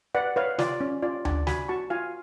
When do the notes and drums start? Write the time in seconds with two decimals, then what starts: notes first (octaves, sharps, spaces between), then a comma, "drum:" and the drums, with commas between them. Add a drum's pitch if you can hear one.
0.15 B4 D5 F#5
0.36 B4 C#5 F5
0.59 F4 D5, drum: snare
0.81 C#4
1.02 F4 D5
1.25 D4 D5, drum: tom D2
1.47 F#4 G#5 B5, drum: snare
1.69 F#4 A5 C#6
1.90 F4 F5 G#5